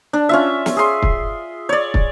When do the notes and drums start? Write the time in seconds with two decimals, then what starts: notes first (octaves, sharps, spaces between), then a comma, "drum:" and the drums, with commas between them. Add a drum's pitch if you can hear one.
0.13 D4
0.29 C#4 F4 E5
0.66 drum: snare
0.77 G#4 C6
1.02 drum: kick
1.69 C#5 D5
1.94 drum: kick